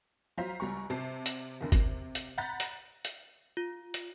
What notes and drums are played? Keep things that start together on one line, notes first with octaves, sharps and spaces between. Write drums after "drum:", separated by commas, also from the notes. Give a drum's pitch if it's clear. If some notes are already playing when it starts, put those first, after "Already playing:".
F#3 F4 C5 F5 A#5 B6
C#2 G3 A#5 C#6
C3 A5 C7
drum: hi-hat
F#1 D#2 D3
C3, drum: kick G#1, hi-hat
drum: hi-hat
F#5 A#5 B5 G6 A6 B6
drum: hi-hat
drum: hi-hat
F4
drum: hi-hat